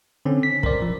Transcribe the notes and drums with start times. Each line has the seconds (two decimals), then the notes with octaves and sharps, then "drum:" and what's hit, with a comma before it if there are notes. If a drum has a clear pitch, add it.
0.25 D3 C4 C#4
0.43 B6
0.63 A#4 C5 D5, drum: kick
0.82 F3